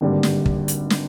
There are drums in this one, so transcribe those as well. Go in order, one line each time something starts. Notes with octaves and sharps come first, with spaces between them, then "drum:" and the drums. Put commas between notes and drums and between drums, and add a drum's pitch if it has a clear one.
G#1 G2 D3 G3 A#3
drum: snare
drum: kick
drum: hi-hat
drum: snare